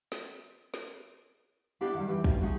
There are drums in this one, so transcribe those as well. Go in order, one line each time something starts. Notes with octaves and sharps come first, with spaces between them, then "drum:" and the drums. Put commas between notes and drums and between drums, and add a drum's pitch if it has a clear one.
drum: snare
drum: snare
B3 E4 G4 D5 F5 F#5
D#3 G3
E3 G4
F4 G4, drum: kick
G#3 C#4 D#4 F#4